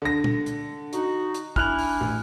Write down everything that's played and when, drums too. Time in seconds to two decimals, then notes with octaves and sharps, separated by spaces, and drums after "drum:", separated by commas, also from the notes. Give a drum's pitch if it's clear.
0.02 D3 A#6
0.24 drum: tom A#2
0.46 drum: hi-hat
0.93 D#4 F#4, drum: hi-hat
1.34 drum: hi-hat
1.56 D4 E4 G#5 F6 F#6 F7, drum: kick
1.79 drum: open hi-hat
2.01 A1